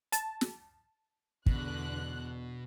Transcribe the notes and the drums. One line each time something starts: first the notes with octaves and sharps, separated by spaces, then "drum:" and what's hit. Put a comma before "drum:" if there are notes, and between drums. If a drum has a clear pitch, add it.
A5, drum: hi-hat
drum: snare
E2 B2 D3 F#6, drum: kick